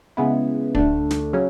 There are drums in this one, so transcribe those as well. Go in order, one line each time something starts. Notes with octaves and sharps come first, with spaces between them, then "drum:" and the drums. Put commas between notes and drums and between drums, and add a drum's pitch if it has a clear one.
C#3 G#3 B3 E4
D2 D3 A3 D4, drum: kick D1
drum: snare
C#3 F#3 C#4